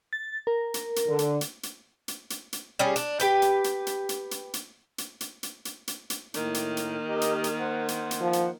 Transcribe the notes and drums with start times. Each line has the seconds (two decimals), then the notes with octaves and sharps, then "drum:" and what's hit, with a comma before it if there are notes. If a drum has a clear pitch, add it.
0.13 A6
0.47 A#4
0.74 drum: hi-hat
0.96 drum: hi-hat
1.08 D3
1.19 drum: hi-hat
1.41 drum: hi-hat
1.63 drum: hi-hat
2.08 drum: hi-hat
2.30 drum: hi-hat
2.53 drum: hi-hat
2.79 G3 C#4 G#4
2.96 D4, drum: hi-hat
3.20 G4 B4 G5, drum: hi-hat
3.42 drum: hi-hat
3.64 drum: hi-hat
3.87 drum: hi-hat
4.09 drum: hi-hat
4.31 drum: hi-hat
4.54 drum: hi-hat
4.98 drum: hi-hat
5.21 drum: hi-hat
5.43 drum: hi-hat
5.65 drum: hi-hat
5.88 drum: hi-hat
6.10 drum: hi-hat
6.34 A2 D#3 A#3, drum: hi-hat
6.54 drum: hi-hat
6.77 drum: hi-hat
7.08 G4 A#4 D#5
7.21 drum: hi-hat
7.44 drum: hi-hat
7.60 C5 F#5
7.88 drum: hi-hat
8.11 drum: hi-hat
8.21 F3
8.33 drum: hi-hat